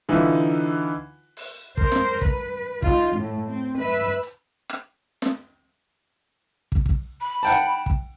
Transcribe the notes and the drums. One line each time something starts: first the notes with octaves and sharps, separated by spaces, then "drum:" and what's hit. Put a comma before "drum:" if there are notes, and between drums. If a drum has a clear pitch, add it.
D3 E3 D#4 F4 B4
drum: open hi-hat
A#4 C5, drum: kick
drum: snare
B4, drum: kick
D#4 F4, drum: kick
drum: hi-hat
A2 A3
C4
B4 E5
drum: hi-hat
drum: rim click
drum: snare
drum: kick
drum: kick
B5
F#5 G5 A5, drum: hi-hat
drum: kick